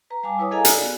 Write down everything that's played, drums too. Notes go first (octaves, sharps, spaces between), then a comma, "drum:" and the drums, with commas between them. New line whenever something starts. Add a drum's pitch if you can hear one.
B4 A#5
G3 F5 G#5 A5 D6
E4 B4 C#5 D#6
G#4 A4 D#5 F5 G#5 A#5
D5, drum: hi-hat
B3 F#4